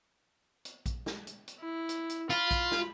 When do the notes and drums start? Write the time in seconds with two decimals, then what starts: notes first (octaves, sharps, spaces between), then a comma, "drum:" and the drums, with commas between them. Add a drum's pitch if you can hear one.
0.65 drum: hi-hat
0.86 drum: kick A#1, hi-hat
1.06 drum: snare
1.27 drum: hi-hat
1.48 drum: hi-hat
1.60 E4
1.89 drum: hi-hat
2.09 drum: hi-hat
2.30 F4 B5, drum: hi-hat
2.51 drum: kick A#1, hi-hat
2.71 drum: snare